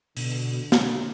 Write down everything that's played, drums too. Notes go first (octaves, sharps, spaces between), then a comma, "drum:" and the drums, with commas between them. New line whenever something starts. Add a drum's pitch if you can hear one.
B2 D3, drum: open hi-hat
drum: snare